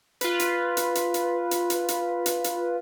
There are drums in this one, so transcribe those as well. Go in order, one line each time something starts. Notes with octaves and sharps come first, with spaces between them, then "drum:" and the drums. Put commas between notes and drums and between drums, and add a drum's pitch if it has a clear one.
F4 B4, drum: hi-hat
drum: hi-hat
drum: hi-hat
drum: hi-hat
drum: hi-hat
drum: hi-hat
drum: hi-hat
drum: hi-hat
drum: hi-hat
drum: hi-hat